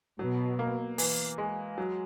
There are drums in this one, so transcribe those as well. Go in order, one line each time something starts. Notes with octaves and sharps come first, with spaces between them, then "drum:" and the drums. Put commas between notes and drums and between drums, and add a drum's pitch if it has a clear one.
B2 F#3
A#3
E3, drum: open hi-hat
G#3
F#3